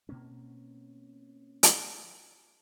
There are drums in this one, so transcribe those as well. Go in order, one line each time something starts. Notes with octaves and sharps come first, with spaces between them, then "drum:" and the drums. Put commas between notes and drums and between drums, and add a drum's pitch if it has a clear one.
B2 A#3 C4 C#4
drum: hi-hat